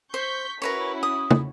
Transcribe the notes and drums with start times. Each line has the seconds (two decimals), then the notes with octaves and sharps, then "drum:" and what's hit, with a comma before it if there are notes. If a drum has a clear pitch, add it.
0.14 C5 C#6 G6 B6
0.62 C#4 E4 F#4 A#4 B4 C#5
1.03 D#6
1.31 drum: tom